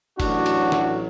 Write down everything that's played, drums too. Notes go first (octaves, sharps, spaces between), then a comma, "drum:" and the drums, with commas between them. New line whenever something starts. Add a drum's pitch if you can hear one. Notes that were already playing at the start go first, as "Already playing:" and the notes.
A1 A2 F#3 D4 F#4, drum: kick F1, cymbal
drum: cymbal
drum: snare